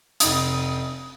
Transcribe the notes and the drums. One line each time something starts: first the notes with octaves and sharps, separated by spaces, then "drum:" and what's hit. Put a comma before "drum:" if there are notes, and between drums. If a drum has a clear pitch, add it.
F1 D#4 D#6, drum: hi-hat